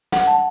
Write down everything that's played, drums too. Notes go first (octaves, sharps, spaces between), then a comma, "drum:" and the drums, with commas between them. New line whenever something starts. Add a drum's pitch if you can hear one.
F#5, drum: snare
A5